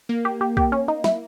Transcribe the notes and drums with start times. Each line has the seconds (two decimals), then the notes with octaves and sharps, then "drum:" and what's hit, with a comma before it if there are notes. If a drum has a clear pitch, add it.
0.09 A#3
0.25 G4
0.41 G4
0.57 G4, drum: kick
0.72 C#4
0.88 D#4
1.04 E4, drum: snare